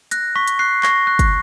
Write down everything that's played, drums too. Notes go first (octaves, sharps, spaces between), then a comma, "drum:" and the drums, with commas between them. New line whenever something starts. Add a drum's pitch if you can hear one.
F#6 A#6, drum: hi-hat
C#6 B6
drum: hi-hat
F#6 C7
C#6 A#6, drum: clap
F#6
drum: kick, hi-hat